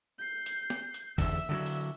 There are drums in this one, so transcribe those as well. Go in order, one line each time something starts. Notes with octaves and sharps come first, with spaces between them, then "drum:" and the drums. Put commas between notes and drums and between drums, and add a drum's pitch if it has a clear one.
G6 C7
drum: hi-hat
drum: snare
drum: hi-hat
E2 D3 E5 E6, drum: kick F#1, open hi-hat
D3 D#3 F#3
drum: open hi-hat